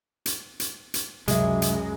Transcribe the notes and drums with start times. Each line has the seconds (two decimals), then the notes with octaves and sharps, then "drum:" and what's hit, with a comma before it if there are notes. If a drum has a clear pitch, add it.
0.26 drum: hi-hat
0.60 drum: hi-hat
0.94 drum: hi-hat
1.28 C#2 F#2 C3 F#3 G#3 F#4 E5, drum: hi-hat
1.62 drum: hi-hat